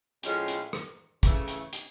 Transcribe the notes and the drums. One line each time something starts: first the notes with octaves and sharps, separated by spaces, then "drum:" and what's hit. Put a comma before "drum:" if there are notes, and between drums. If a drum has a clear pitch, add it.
A2 F3 G#3 C#4 F4, drum: hi-hat
drum: hi-hat
drum: rim click
C#3 E3 A3, drum: kick, hi-hat
drum: hi-hat
drum: hi-hat